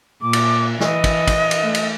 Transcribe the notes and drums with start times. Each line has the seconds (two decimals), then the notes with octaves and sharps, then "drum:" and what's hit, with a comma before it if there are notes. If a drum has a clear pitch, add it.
0.22 A#2 D6
0.33 drum: cymbal
0.80 E3 D#5, drum: snare
1.04 drum: kick, cymbal
1.27 drum: kick, cymbal
1.51 drum: cymbal
1.63 A3
1.75 drum: cymbal